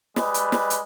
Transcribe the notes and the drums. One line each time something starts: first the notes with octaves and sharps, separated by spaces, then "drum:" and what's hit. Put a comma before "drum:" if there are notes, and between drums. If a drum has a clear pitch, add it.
G3 G#3 B4 D#5, drum: snare
drum: hi-hat
drum: snare
drum: hi-hat